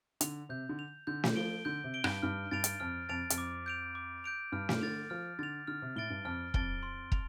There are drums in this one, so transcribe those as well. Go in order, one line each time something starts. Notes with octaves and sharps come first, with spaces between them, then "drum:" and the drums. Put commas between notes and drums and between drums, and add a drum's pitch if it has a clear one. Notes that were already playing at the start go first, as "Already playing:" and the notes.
D3 F7, drum: hi-hat
C3 G6
D3
F7
D3 G6
drum: snare
F3 D7 G7
D3 G6
C3
D7 G7
G2, drum: rim click
G2 F6
G2 A6 D7 F7
drum: hi-hat
F2 F6
F2 A6 D7 F7
F2, drum: hi-hat
D6
G6 D7 F7
D6
G6 D7 F7
G2 F6
drum: snare
D3 A6 F7
F3 F6
D3 A6 F7
D3 F6
C3
A2 A6 D7 G7
G2
F2 F6
F2 A6 D7 G7, drum: kick
C6
F7, drum: kick